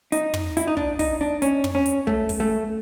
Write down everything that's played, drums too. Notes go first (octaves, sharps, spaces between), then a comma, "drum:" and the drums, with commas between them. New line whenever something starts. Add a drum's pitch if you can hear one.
D#4, drum: hi-hat
drum: tom
E4, drum: hi-hat
D#4
D4, drum: kick
D#4, drum: kick, open hi-hat
D4
C#4, drum: hi-hat
drum: tom
C#4
drum: hi-hat
A3, drum: kick
drum: kick, open hi-hat
A3